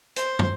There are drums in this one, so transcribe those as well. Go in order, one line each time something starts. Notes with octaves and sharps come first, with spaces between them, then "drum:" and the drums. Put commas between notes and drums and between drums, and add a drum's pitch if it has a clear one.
C5, drum: hi-hat
drum: tom